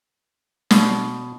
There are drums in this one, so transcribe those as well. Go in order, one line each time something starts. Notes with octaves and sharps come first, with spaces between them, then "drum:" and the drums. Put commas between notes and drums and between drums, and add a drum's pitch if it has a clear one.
B2, drum: snare